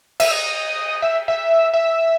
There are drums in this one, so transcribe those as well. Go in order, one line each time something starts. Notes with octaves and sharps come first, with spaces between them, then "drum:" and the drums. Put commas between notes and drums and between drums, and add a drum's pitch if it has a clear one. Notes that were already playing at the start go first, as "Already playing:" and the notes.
E5, drum: cymbal
D#5
E5
E5
E5